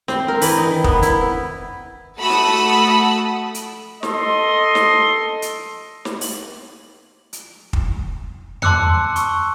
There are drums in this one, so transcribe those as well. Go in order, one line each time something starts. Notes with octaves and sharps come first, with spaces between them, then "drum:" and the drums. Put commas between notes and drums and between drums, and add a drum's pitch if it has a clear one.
C4, drum: snare
A#4
E3, drum: open hi-hat
D#4
D#3
B3, drum: kick
E4, drum: hi-hat
A3 F#4 A5 B5 D#6 E6
drum: snare
drum: hi-hat
A4 D#5 C6, drum: snare
drum: snare
drum: hi-hat
drum: snare
drum: open hi-hat
drum: hi-hat
drum: kick
A5 C6 D6 E6 F#6 C#7, drum: tom E2
C#6 E6, drum: hi-hat